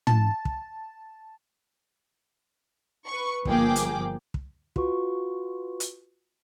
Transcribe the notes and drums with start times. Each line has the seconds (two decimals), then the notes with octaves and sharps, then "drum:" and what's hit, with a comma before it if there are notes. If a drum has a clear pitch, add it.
0.07 A5, drum: tom
0.45 drum: kick
3.07 B4 C#6
3.45 G1 F3 A#3 G#4 G5 D6, drum: kick
3.76 drum: hi-hat
4.34 drum: kick
4.76 F4 F#4 B4 C#6, drum: kick
5.80 drum: hi-hat